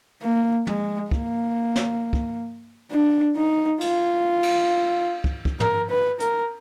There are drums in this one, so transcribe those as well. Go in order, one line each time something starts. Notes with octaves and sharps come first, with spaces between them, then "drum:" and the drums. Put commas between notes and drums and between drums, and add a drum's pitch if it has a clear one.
A#3
G#3, drum: tom
A#3, drum: kick
drum: snare
drum: kick
D4
D#4
F4, drum: cymbal
drum: cymbal
drum: kick
drum: kick
A#4, drum: tom
B4
A#4, drum: hi-hat